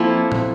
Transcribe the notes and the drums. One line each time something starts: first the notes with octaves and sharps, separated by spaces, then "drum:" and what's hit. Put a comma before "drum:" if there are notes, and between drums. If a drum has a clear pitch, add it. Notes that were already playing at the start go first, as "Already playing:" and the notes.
Already playing: F3 A#3 C4 E4 A4
drum: tom